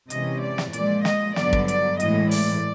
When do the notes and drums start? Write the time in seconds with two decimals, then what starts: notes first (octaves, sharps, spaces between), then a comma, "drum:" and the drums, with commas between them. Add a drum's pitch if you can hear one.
0.10 C3 E3 G#3 C#4 D#5, drum: hi-hat
0.42 D5
0.58 drum: snare
0.73 A#2 F3 G#3 D5, drum: hi-hat
1.05 D#5, drum: snare
1.36 G2 D3 F#3 B3 D5, drum: snare
1.53 drum: kick
1.68 D5, drum: hi-hat
2.00 A2 E3 G#3 D#5, drum: hi-hat
2.31 D5, drum: open hi-hat